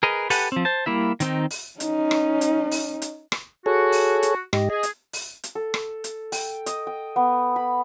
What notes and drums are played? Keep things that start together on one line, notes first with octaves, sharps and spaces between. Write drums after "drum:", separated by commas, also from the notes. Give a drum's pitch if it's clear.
G#4 A#4 B4 D#5
G4 A4 B4 F#5 G#5, drum: open hi-hat
F3 C4
C5 A5
G3 A#3 E4 E5
D#3 C4 D#4, drum: hi-hat
drum: open hi-hat
C#4 D#4, drum: hi-hat
drum: rim click
drum: hi-hat
drum: open hi-hat
drum: hi-hat
drum: rim click
F#4 G#4 A4 C#5
drum: open hi-hat
drum: hi-hat
G#2 G4 D#5, drum: rim click
G#4 D#5
drum: hi-hat
drum: open hi-hat
drum: hi-hat
A4
drum: rim click
drum: hi-hat
G5, drum: open hi-hat
D#5, drum: hi-hat
G5
B3
B5